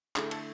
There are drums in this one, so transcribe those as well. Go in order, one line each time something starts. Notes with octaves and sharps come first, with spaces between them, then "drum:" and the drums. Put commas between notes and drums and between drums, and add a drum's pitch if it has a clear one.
D3 A3 E4 G#4, drum: clap
A4, drum: cymbal